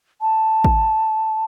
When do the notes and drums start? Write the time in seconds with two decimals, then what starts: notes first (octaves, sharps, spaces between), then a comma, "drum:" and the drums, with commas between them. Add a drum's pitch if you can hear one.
0.21 A5
0.64 drum: kick A1